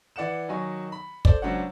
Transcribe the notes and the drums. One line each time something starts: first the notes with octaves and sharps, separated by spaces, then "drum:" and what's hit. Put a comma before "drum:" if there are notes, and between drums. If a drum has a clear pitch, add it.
E3 D5 F#5 C#7 E7
D#3 F#3 D#5 G#5 C#6
B5
A4 C5 D5, drum: kick
C#2 F#3 D4 C5 C#5 F#5